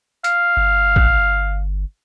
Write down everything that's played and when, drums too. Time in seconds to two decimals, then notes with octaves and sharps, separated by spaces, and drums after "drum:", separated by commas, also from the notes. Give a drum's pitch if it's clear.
0.24 F5, drum: hi-hat
0.57 G1
0.96 drum: kick A1